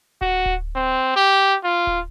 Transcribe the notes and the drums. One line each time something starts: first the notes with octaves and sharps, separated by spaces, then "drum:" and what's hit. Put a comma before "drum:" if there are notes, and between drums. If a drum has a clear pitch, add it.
F#4, drum: kick D1
drum: kick D1
C4
G4
F4
drum: kick D1